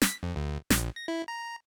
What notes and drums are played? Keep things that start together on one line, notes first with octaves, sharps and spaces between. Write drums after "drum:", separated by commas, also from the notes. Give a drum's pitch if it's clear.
B6, drum: snare
F2
D2
A#1, drum: snare
A#6
E4
A#5